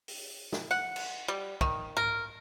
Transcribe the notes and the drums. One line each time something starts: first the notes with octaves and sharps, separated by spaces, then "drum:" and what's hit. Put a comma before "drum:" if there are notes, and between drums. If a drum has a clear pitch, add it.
drum: open hi-hat
drum: snare
F#5
drum: cymbal
G3
D#3, drum: kick B1
A#4, drum: tom G#2